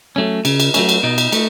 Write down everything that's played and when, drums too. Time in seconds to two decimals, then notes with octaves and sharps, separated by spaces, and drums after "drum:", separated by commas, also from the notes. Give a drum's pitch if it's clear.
0.16 F#3 A3 C#4
0.45 C#3, drum: cymbal
0.60 drum: cymbal
0.74 F#3 A3 C#4, drum: cymbal
0.89 drum: cymbal
1.03 B2 D#4
1.18 drum: cymbal
1.32 A3, drum: cymbal